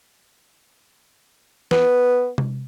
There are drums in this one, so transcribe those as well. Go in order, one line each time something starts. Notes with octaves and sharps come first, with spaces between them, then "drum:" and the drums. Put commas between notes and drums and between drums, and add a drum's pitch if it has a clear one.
B3, drum: snare
drum: tom C3